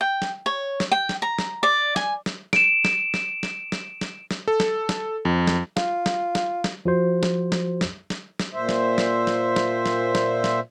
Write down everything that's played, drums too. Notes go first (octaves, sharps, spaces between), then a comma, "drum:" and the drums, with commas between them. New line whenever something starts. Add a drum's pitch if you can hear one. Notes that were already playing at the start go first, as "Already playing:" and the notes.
G5
drum: snare
C#5
drum: snare
G5
drum: snare
A#5
drum: snare
D5
G#5, drum: snare
drum: snare
D7 E7, drum: snare
drum: snare
drum: snare
drum: snare
drum: snare
drum: snare
drum: snare
A4
drum: snare
drum: snare
F2
drum: snare
F4, drum: snare
drum: snare
drum: snare
drum: snare
F3 F#4 C5
drum: snare
drum: snare
drum: snare
drum: snare
drum: snare
A#2 C5 E5
drum: snare
drum: snare
drum: snare
drum: snare
drum: snare
drum: snare
drum: snare